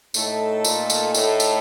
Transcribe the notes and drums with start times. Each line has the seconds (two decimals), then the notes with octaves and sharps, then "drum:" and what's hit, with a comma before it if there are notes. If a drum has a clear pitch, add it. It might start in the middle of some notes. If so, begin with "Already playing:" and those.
0.14 A2 A3 D#4 A4, drum: tambourine
0.65 A#2, drum: tambourine
0.90 drum: tambourine
1.15 A2, drum: tambourine
1.40 drum: tambourine